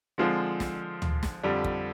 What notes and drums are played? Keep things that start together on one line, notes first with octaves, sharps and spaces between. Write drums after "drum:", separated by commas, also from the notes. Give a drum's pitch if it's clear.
D3 F3 G#3 C4
drum: snare
drum: tom
drum: snare
F2 D3 G3
drum: kick